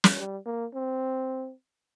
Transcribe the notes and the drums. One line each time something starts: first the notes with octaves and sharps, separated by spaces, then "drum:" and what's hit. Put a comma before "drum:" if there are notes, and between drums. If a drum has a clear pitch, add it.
drum: snare
G3
A#3
C4